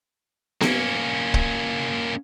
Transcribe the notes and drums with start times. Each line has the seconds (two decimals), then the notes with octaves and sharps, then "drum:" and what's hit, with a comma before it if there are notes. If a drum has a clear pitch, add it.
0.61 A#3 C#4, drum: snare B3
1.34 drum: kick